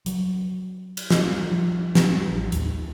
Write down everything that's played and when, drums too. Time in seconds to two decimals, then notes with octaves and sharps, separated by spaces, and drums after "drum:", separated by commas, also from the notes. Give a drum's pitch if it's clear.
0.06 F#3, drum: hi-hat
0.97 drum: cymbal
1.10 drum: snare
1.51 F3
1.95 drum: snare
2.31 A1
2.52 D#2, drum: hi-hat